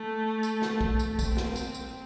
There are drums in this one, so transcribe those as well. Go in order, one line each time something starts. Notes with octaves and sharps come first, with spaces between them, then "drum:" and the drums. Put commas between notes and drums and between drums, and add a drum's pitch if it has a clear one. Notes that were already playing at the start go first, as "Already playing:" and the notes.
Already playing: A3
drum: tambourine
drum: snare
drum: kick
drum: tambourine
C4, drum: kick, tambourine
drum: snare
drum: tambourine
drum: tambourine